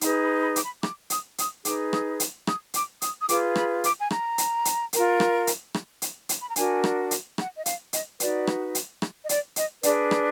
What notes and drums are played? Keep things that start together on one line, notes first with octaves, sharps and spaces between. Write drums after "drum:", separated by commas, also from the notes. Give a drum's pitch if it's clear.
D#4 G#4 B4 B5, drum: hi-hat
B5
B5
D6, drum: hi-hat
B5
D6, drum: rim click
D#6, drum: hi-hat
D#6, drum: hi-hat
D#4 G#4 B4 D6, drum: hi-hat
D#6, drum: rim click
drum: hi-hat
D#6, drum: rim click
D6, drum: hi-hat
D#6, drum: hi-hat
D#6
F4 G#4 B4 D6, drum: hi-hat
B5, drum: rim click
D6, drum: hi-hat
G#5
A#5, drum: rim click
drum: hi-hat
drum: hi-hat
F4 A#4, drum: hi-hat
drum: rim click
drum: hi-hat
drum: rim click
drum: hi-hat
drum: hi-hat
B5
A#5
D4 F#4 A#4 G#5, drum: hi-hat
drum: rim click
drum: hi-hat
F#5, drum: rim click
D#5
F5, drum: hi-hat
D#5, drum: hi-hat
D#4 F#4 B4 D5, drum: hi-hat
drum: rim click
drum: hi-hat
drum: rim click
D#5
D5, drum: hi-hat
D#5, drum: hi-hat
D4 G#4 B4 D5, drum: hi-hat
drum: rim click